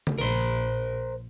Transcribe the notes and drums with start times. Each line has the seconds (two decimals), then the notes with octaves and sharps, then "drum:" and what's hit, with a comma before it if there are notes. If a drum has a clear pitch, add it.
0.07 drum: tom C#3
0.18 A#1 A#4 C5